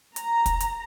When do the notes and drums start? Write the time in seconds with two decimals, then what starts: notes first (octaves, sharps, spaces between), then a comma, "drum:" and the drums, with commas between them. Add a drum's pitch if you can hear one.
0.16 A#5, drum: hi-hat
0.46 drum: kick, hi-hat
0.60 drum: hi-hat